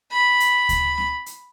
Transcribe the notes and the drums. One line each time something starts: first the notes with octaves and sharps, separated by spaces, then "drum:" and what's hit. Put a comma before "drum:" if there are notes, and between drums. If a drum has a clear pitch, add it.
B5
drum: hi-hat
drum: kick D2, hi-hat
drum: snare C4
drum: hi-hat